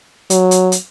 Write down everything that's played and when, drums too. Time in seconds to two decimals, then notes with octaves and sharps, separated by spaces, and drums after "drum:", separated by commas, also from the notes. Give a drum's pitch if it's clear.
0.30 F#3, drum: hi-hat
0.51 drum: hi-hat
0.72 drum: hi-hat